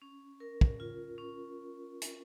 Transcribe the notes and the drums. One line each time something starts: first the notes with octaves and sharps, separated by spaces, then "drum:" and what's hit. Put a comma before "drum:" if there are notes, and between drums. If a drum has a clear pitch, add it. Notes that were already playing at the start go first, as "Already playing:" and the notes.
C#4
A#4
drum: kick
F4
C#4
drum: hi-hat